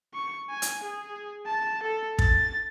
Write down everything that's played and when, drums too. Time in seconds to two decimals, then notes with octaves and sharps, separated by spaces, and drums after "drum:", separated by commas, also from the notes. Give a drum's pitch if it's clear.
0.14 C#6
0.50 G#5
0.62 drum: hi-hat
0.83 G#4
1.46 A5
1.83 A4
2.19 A6, drum: kick